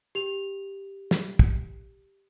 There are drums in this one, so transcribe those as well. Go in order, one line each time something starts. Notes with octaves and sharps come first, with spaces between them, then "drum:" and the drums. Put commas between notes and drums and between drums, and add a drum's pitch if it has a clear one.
G4 F7
drum: snare
drum: kick